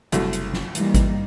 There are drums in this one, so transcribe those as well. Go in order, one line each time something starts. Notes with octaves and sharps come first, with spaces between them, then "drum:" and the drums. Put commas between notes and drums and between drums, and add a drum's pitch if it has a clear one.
F#1 C2 F#2 A3, drum: hi-hat
drum: hi-hat
drum: snare
D#3 E3 G3 A#3, drum: hi-hat
drum: kick G#1, hi-hat